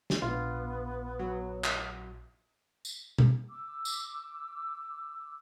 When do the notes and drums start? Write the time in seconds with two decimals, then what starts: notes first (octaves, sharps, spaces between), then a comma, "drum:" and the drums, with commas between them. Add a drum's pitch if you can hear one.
0.10 drum: snare
0.22 A#1 B3 F4
1.19 F#3
1.64 drum: clap
2.85 drum: tambourine
3.18 drum: tom B2
3.49 D6 E6
3.85 drum: tambourine